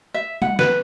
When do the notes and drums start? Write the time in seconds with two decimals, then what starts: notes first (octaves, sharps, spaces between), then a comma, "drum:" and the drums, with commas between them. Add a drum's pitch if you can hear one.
0.14 E5
0.42 F#5, drum: tom G3
0.59 B4, drum: snare